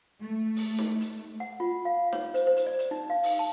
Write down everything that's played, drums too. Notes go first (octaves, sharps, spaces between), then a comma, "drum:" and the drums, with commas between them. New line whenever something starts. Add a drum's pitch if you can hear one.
A3
drum: open hi-hat
drum: snare D#4
drum: hi-hat
F#5
F4
F5
C#5, drum: snare D#4
C5, drum: hi-hat
C5
drum: hi-hat
D5
drum: hi-hat
D#4
F5
drum: open hi-hat
A5